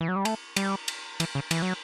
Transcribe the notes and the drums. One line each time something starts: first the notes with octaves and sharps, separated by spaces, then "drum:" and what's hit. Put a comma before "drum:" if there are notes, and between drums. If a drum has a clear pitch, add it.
E3
F#3
G3
A3, drum: cymbal
G3, drum: cymbal
drum: cymbal
E3, drum: cymbal
C#3
E3, drum: cymbal
F#3